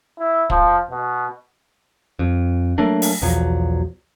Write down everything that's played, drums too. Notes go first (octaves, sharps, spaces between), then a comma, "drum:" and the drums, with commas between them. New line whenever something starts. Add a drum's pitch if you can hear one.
E4
F3, drum: kick
B2
F2
F#3 A3 A#3 D4
drum: open hi-hat
B1 E2 F3 F#3